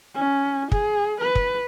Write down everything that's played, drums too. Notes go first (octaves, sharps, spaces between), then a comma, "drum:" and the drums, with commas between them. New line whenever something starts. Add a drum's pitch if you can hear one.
C#4
G#4, drum: kick
B4
drum: kick